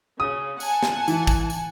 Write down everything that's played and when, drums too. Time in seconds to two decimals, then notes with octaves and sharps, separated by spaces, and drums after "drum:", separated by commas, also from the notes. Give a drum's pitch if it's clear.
0.20 C#3 D#6
0.60 F#5 G#5 A5, drum: tambourine
0.83 drum: snare
1.08 E3, drum: tambourine
1.27 drum: kick, tambourine
1.50 drum: tambourine